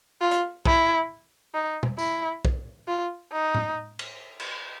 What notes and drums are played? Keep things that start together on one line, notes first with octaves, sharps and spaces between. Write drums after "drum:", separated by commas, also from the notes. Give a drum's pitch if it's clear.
F4
drum: hi-hat
E4, drum: kick
D#4
drum: tom
E4, drum: tambourine
drum: kick
F4
D#4
drum: tom A2
drum: cymbal
drum: cymbal